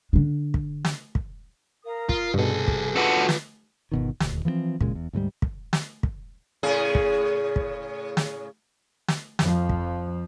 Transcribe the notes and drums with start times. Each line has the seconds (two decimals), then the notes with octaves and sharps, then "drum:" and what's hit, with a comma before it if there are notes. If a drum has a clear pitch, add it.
0.13 D3 D4
0.54 drum: kick
0.85 drum: snare
1.15 drum: kick
1.83 A#4 F5 D#6
2.09 F4, drum: kick
2.34 C2 G2 B2 G#4 A4
2.68 drum: kick
2.96 F4 F#4 A4 B4
3.29 drum: snare
3.92 G1 B2 D#3
4.20 D#1 D2, drum: snare
4.45 E3 F3 A3 C4
4.81 E1 A#2 C#3 G#3, drum: kick
4.95 E2
5.13 D2 G#2 F#3 G3
5.42 drum: kick
5.73 drum: snare
6.03 drum: kick
6.63 A2 C#3 G#4
6.95 drum: kick
7.56 drum: kick
8.17 drum: snare
9.08 drum: snare
9.39 F2 F3, drum: snare
9.69 drum: kick